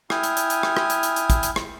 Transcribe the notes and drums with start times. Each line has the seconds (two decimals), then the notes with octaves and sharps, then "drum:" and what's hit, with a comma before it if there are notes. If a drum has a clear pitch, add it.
0.10 E4 G5 G#5 D#6 F6, drum: rim click
0.23 drum: hi-hat
0.37 drum: hi-hat
0.50 drum: hi-hat
0.63 drum: rim click
0.77 drum: rim click
0.90 drum: hi-hat
1.03 drum: hi-hat
1.16 drum: hi-hat
1.30 drum: kick, hi-hat
1.43 drum: hi-hat
1.56 drum: rim click